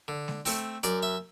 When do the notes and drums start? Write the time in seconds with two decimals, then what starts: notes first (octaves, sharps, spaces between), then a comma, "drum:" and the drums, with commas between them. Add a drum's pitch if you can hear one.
0.08 D3
0.28 drum: snare G#3
0.45 A3 C4, drum: open hi-hat
0.83 F#2 D5, drum: hi-hat
1.03 E5